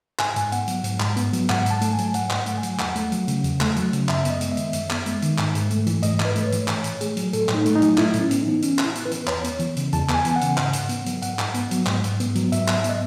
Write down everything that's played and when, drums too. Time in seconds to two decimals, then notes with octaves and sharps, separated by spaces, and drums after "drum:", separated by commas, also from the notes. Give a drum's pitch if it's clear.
0.19 G#2 G#5, drum: clap
0.36 G#2, drum: hi-hat
0.52 B3 F#5, drum: hi-hat
0.67 F#3, drum: hi-hat
0.84 G#2, drum: hi-hat
1.00 G#2, drum: clap
1.17 B3, drum: hi-hat
1.33 F#3, drum: hi-hat
1.50 G#2 F#5, drum: clap
1.66 G#2 A5, drum: hi-hat
1.81 A3, drum: hi-hat
1.93 G#5
1.98 F#3, drum: hi-hat
2.14 G#2 F#5, drum: hi-hat
2.30 G#2 F#5, drum: clap
2.46 A3, drum: hi-hat
2.58 G#5
2.63 F#3, drum: hi-hat
2.79 E2 F#5, drum: clap
2.96 A3, drum: hi-hat
3.12 F#3, drum: hi-hat
3.28 C#3, drum: hi-hat
3.44 E2, drum: hi-hat
3.61 A3, drum: clap
3.76 F#3, drum: hi-hat
3.93 C#3, drum: hi-hat
4.09 F#2 E5, drum: clap
4.25 B3, drum: hi-hat
4.30 D#5
4.41 G#3, drum: hi-hat
4.52 E5
4.57 D#3, drum: hi-hat
4.73 F#2, drum: hi-hat
4.90 B3, drum: clap
5.06 G#3, drum: hi-hat
5.22 D#3, drum: hi-hat
5.38 G#2, drum: clap
5.55 G#2, drum: hi-hat
5.70 A3, drum: hi-hat
5.87 E3, drum: hi-hat
6.03 G#2 D#5, drum: hi-hat
6.20 G#2, drum: clap
6.25 B4
6.36 A3, drum: hi-hat
6.46 C#5
6.52 E3, drum: hi-hat
6.68 A2 C#5, drum: clap
6.84 A2, drum: hi-hat
7.01 A3 G#4, drum: hi-hat
7.17 F#3, drum: hi-hat
7.33 A2 A4, drum: hi-hat
7.49 A2, drum: clap
7.54 D#4
7.66 A3, drum: hi-hat
7.76 D#4
7.82 F#3, drum: hi-hat
7.98 A2 E4, drum: clap
8.13 A2, drum: hi-hat
8.20 C#4
8.31 B3, drum: hi-hat
8.42 E3 D#4
8.62 A2 C#4, drum: hi-hat
8.79 A2, drum: clap
8.84 E4
8.95 B3, drum: hi-hat
9.05 B4
9.11 E3, drum: hi-hat
9.27 E2 C#5, drum: clap
9.44 B3, drum: hi-hat
9.59 E3, drum: hi-hat
9.76 C#3, drum: hi-hat
9.92 E2 A5, drum: hi-hat
10.09 B3 G#5, drum: clap
10.25 E3, drum: hi-hat
10.36 F#5
10.41 C#3, drum: hi-hat
10.58 G#2, drum: clap
10.73 G#2, drum: hi-hat
10.89 B3, drum: hi-hat
11.06 F#3, drum: hi-hat
11.22 G#2 F#5, drum: hi-hat
11.39 G#2, drum: clap
11.54 B3, drum: hi-hat
11.71 F#3, drum: hi-hat
11.86 G#2, drum: clap
12.04 G#2, drum: hi-hat
12.20 B3, drum: hi-hat
12.35 F#3, drum: hi-hat
12.52 G#2 E5, drum: hi-hat
12.68 G#2, drum: clap
12.74 E5
12.84 B3, drum: hi-hat
12.89 D#5